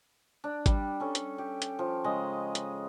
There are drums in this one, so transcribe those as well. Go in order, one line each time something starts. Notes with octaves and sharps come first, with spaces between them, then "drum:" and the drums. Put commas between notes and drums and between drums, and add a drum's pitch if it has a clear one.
D4
G3, drum: kick G#1, hi-hat
C#4 A4
drum: hi-hat
G4
drum: hi-hat
F3
C#3 G#3 D#5
drum: hi-hat